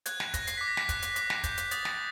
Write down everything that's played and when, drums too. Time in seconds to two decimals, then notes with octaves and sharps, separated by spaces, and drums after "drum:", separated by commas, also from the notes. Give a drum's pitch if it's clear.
0.06 F#6 G#6, drum: hi-hat
0.20 G#6, drum: snare
0.34 F#6 A#6, drum: kick, hi-hat
0.47 C7, drum: hi-hat
0.57 D6 B6
0.68 A#6
0.77 B6, drum: snare
0.89 F#6, drum: kick, hi-hat
1.02 drum: hi-hat
1.16 D6, drum: hi-hat
1.30 drum: snare
1.44 G6, drum: kick, hi-hat
1.58 drum: hi-hat
1.71 D#6 A6, drum: hi-hat
1.85 drum: snare